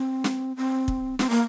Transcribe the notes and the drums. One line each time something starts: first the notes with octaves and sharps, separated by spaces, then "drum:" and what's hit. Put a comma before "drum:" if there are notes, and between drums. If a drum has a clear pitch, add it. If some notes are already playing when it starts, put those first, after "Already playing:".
Already playing: C4
drum: snare
C4
drum: kick
C4, drum: snare
A#3